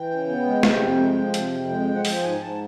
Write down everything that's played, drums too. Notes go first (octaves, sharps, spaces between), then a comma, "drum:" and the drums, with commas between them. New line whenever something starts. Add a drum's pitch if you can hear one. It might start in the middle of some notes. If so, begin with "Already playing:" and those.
Already playing: E3 G5
C#3
B3
G#3
C3, drum: snare
F2
G#3
F3
C3, drum: hi-hat
F2
G#3
F3
F#5
F3 G5, drum: open hi-hat
G#2 G#5
G#2 A5